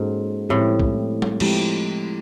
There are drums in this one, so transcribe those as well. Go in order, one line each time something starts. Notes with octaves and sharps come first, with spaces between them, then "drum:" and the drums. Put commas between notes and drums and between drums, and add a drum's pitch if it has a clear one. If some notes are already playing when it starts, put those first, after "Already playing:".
Already playing: G#2 A#3 C#4 F#4 A4
A2 F3 G#3 C4 E4 G4
drum: kick
drum: tom
F3 G#3 C4 E4 G4, drum: cymbal